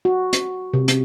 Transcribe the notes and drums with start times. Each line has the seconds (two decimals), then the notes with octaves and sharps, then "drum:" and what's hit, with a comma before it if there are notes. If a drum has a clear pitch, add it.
0.05 F#4
0.33 drum: hi-hat
0.74 C3
0.88 drum: hi-hat